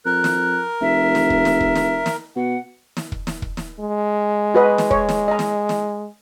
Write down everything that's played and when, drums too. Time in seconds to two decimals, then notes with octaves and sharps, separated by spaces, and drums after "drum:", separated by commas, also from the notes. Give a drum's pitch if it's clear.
0.05 F2 A#4 F#6
0.24 drum: snare
0.81 F1 E5
1.15 drum: snare
1.30 drum: kick
1.45 drum: snare
1.60 drum: kick
1.76 drum: snare
2.06 drum: snare
2.36 B2 F#5
2.97 drum: snare
3.12 drum: kick
3.27 drum: snare
3.42 drum: kick
3.57 drum: snare
3.80 G#3
4.54 F#4 B4 D#5
4.78 drum: snare
4.91 C#5, drum: kick
5.09 drum: snare
5.28 D#5 A#5
5.39 drum: snare
5.69 drum: snare